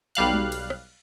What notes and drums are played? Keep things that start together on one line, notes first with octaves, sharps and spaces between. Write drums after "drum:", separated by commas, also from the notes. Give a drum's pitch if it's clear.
B1 G3 F5 F#6, drum: cymbal
drum: tom G3
drum: cymbal
drum: rim click